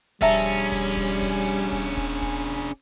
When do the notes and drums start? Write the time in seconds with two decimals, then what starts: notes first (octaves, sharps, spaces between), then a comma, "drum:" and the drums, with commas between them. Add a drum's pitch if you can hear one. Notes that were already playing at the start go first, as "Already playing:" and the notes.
0.22 G3 C#4 D4 G#4 E5 A5 A#5, drum: kick D#1
0.72 drum: kick D#1
0.97 drum: kick D#1
1.22 drum: kick D#1
1.72 drum: kick D#1
1.97 drum: kick D#1
2.22 drum: kick D#1